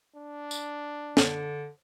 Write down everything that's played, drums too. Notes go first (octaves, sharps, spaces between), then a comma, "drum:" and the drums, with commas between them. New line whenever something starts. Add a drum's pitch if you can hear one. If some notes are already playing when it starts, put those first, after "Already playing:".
D4
drum: tambourine
D3, drum: snare